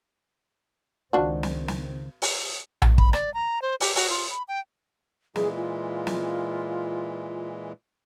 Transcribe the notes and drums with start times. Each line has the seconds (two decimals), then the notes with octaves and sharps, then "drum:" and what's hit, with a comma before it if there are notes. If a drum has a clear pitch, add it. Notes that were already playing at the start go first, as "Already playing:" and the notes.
1.13 C#2 D#3 F3 C4 D4 F#4
1.43 drum: snare
1.68 drum: snare
2.22 drum: open hi-hat
2.82 drum: tom A#1
2.98 B5, drum: kick
3.13 D5, drum: rim click
3.34 A#5
3.62 C5
3.80 G4, drum: open hi-hat
3.95 F#4, drum: open hi-hat
4.10 F4
4.30 B5
4.48 G5
5.36 A#2 E3 G#3 G#4, drum: snare
5.56 F4
6.07 drum: snare